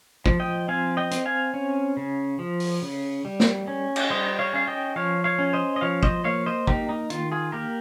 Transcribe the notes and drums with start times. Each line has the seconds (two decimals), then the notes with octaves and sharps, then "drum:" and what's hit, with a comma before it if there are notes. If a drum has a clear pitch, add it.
0.26 F3, drum: kick
0.40 D#5 G5
0.68 C4 F5 G#5
0.97 D#5 G5
1.11 C4, drum: hi-hat
1.25 F5 G#5
1.54 C#4
1.97 C#3
2.39 F3
2.60 drum: open hi-hat
2.82 C#3
3.25 G3
3.40 drum: snare
3.68 C#4
3.96 drum: cymbal
4.10 G3 C5 D#5
4.39 C#5 F5
4.53 C#4 F5
4.67 D#5 G5
4.96 F3 C#5 F5
5.24 C#5 F5
5.39 C#4
5.53 C5 D#5
5.76 D#5
5.81 F3 C#5 F5
6.03 C5 D#5, drum: kick
6.24 A#3 C#5 F5
6.46 C5 D#5
6.67 A#3 D#4 G4, drum: kick
6.89 D#4
7.10 D#3 F4, drum: hi-hat
7.32 F4 G#4
7.52 A#3 G4 A#4